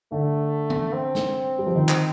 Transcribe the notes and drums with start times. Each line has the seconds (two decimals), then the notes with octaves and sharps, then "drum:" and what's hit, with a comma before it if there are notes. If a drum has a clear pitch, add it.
0.12 D3 A3
0.70 drum: tom
0.93 C4
1.15 drum: snare
1.59 G3
1.67 F3
1.75 D#3
1.89 drum: clap